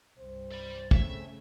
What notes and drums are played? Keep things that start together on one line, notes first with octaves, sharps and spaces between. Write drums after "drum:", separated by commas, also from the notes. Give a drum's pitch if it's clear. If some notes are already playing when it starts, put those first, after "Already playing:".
C2 G2 C5
D5 B5
C#3 A3 C4 E5, drum: kick